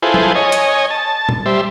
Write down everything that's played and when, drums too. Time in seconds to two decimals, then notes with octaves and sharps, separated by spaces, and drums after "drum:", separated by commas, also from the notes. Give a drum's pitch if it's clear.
0.02 E4 F4 G#4 A4 B4 C5
0.14 drum: tom F3
0.35 C#5 D#5 G#5
0.52 drum: hi-hat
0.90 A5
1.29 drum: tom A#2
1.46 G3 C5 E5